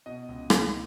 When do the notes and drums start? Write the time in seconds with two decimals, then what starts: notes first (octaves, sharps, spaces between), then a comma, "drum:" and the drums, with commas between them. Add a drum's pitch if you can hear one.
0.06 B2 D#5
0.29 C#2
0.50 C#2, drum: rim click